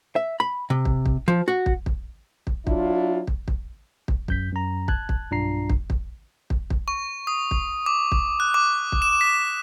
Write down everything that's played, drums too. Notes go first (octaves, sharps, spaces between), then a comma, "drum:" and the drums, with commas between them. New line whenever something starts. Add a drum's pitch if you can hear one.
E5
B5
C3
drum: kick
drum: kick
F3
F#4
drum: kick
drum: kick
drum: kick
F#3 D4 E4 F4, drum: kick
drum: kick
drum: kick
drum: kick
F#2 G6 B6, drum: kick
F#2 A#5
A5 F#6 G#6, drum: kick
drum: kick
B1 G2 D4 F4 A#5 C7
drum: kick
drum: kick
drum: kick
drum: kick
C#6
D#6
drum: kick
D6
drum: kick
F#6
D6
drum: kick
E7
B6